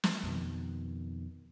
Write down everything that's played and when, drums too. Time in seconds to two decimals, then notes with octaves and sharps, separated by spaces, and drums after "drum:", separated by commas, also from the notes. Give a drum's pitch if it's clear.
0.04 drum: snare
0.24 F2 B2 D#3